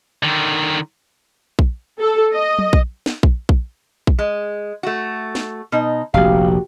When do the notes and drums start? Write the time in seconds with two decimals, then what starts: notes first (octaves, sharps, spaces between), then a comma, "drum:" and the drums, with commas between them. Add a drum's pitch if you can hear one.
0.23 D3 D#3
1.59 drum: kick A#1
2.00 A4
2.33 D#5
2.59 drum: tom F#3
2.73 drum: kick A#1
3.06 drum: snare
3.23 drum: kick A#1
3.49 drum: kick A#1
4.07 drum: kick A#1
4.19 G#3
4.83 A3 F#4
5.35 drum: snare
5.72 B2 D#4
6.14 F1 A#1 F#4 G4 F5